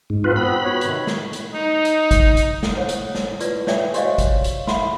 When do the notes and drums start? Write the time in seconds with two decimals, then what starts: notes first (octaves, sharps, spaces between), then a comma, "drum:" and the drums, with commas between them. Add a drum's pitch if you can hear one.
0.10 G#2
0.24 G2 C4 F4 B4
0.36 B3 C4 B5
0.64 F#4 B4 C#5
0.81 C3 D#3, drum: hi-hat
1.07 drum: snare
1.33 drum: hi-hat
1.54 D#4 D#5
1.85 drum: hi-hat
2.11 drum: kick, hi-hat
2.37 drum: hi-hat
2.63 drum: snare
2.76 C5 C#5 F#5
2.89 drum: hi-hat
3.15 drum: snare
3.40 E4 F4 B4 D5, drum: hi-hat
3.67 C#5 D5 E5 G5 G#5, drum: snare
3.94 F#4 G4 C5 C#5 D#5 F5, drum: hi-hat
4.18 drum: kick, hi-hat
4.44 drum: hi-hat
4.67 E5 F#5 B5 C6, drum: snare